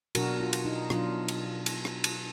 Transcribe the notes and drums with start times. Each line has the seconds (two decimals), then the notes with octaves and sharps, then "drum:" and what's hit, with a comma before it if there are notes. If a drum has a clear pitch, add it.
0.15 B2 F#3 D4 F#4 A#4, drum: cymbal
0.40 F4
0.53 drum: cymbal
0.65 D#4
0.90 B2 F#3 D4 F4, drum: rim click
1.28 drum: cymbal
1.66 drum: cymbal
1.85 drum: rim click
2.04 drum: cymbal